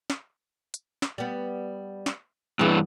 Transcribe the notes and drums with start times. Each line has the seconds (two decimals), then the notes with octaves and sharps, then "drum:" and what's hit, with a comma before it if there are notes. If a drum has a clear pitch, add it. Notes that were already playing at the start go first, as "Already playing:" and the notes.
0.10 drum: snare
0.74 drum: hi-hat
1.02 drum: snare
1.18 G3 B3
2.06 drum: snare
2.59 G2 E3 B3 G#4